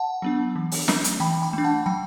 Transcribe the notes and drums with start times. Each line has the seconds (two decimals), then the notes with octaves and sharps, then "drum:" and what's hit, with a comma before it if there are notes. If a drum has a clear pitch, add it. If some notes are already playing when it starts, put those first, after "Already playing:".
Already playing: F#5 A5
0.22 F#3 B3 D4
0.56 E3
0.72 drum: open hi-hat
0.88 A3 D4, drum: snare
1.04 drum: hi-hat
1.20 E3 G5 B5
1.42 G5 B5
1.53 A3 D4
1.64 F#5 A5
1.86 F#3 G5 B5